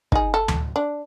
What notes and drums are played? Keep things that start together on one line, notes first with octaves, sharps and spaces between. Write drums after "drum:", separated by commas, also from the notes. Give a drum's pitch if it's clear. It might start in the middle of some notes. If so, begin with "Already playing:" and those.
D#4 G#4, drum: kick
A4
drum: tom D2
D4